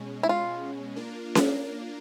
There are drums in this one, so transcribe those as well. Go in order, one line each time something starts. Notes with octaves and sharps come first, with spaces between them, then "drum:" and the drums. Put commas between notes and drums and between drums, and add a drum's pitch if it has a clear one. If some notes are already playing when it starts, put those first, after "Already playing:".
Already playing: B2 G#3 C#4
E4
F4
A#3 D4 F4 A#4
drum: snare C#4